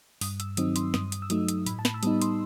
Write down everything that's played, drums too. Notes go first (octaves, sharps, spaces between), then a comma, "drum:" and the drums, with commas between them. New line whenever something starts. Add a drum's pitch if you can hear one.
G2 D#6, drum: open hi-hat
E6, drum: hi-hat
D#3 F#3 C4 D#4 D#6, drum: hi-hat
C6, drum: hi-hat
G2 D#6, drum: snare
drum: hi-hat
E6
F#3 A3 D#4 D#6, drum: hi-hat
drum: hi-hat
A2 B5, drum: hi-hat
A5
B5, drum: snare
E6
G3 B3 D#4 D#6, drum: hi-hat
C6, drum: hi-hat